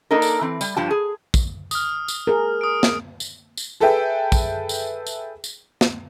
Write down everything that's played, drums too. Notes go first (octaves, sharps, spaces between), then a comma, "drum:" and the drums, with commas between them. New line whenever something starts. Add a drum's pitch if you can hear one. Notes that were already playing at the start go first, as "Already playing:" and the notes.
A#3 D4 D#4 A4 A#4
drum: tambourine
E3 C4
G3, drum: tambourine
G2 F3 D4 G4 A5
G#4
drum: kick, tambourine
D#6 F6, drum: tambourine
drum: tambourine
G#4 A#4
D#6 D7
drum: snare
drum: tambourine
drum: tambourine
G#4 A4 B4 E5 G5
drum: kick, tambourine
drum: tambourine
drum: tambourine
drum: tambourine
drum: snare